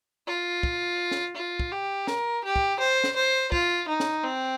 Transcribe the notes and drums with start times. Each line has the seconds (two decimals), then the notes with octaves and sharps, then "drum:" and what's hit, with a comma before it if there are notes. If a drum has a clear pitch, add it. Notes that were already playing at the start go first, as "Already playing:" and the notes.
0.27 F4
0.63 drum: kick
1.11 drum: snare
1.36 F4
1.59 drum: kick
1.72 G4
2.07 A#4, drum: snare
2.44 G4
2.56 drum: kick
2.79 C5
3.04 drum: snare
3.16 C5
3.52 F4, drum: kick
3.88 D#4
4.00 drum: snare
4.24 C4